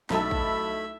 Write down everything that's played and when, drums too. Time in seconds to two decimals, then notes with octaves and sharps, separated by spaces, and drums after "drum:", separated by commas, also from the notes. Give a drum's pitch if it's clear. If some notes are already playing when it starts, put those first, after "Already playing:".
0.10 B1 A3 E4 A4 E5 A5 B5, drum: snare
0.31 drum: kick A1